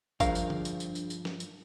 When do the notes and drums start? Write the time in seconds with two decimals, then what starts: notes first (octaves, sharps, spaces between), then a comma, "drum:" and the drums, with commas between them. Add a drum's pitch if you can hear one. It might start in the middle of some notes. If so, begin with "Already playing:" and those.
0.20 G2 F3 D4 G#4 A#4 F5, drum: kick, tambourine
0.35 drum: tambourine
0.50 drum: tom D3
0.65 drum: tambourine
0.80 drum: tambourine
0.95 drum: tambourine
1.10 drum: tambourine
1.25 drum: snare
1.40 drum: tambourine